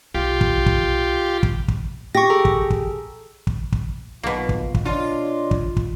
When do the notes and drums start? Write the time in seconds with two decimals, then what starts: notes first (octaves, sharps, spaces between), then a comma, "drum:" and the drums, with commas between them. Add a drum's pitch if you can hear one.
0.14 B1 F4 G4
0.41 drum: kick
0.66 drum: kick
1.43 drum: kick
1.68 drum: kick
2.15 G4 C#6 A#6
2.30 G#4 A4 A#5
2.45 drum: kick
2.70 drum: kick
3.47 drum: kick
3.72 drum: kick
4.23 B1 B2 A#3 F4 F5
4.49 drum: kick
4.74 drum: kick
4.85 D4 F4 C#5 D#5 C6
5.51 drum: kick
5.77 drum: kick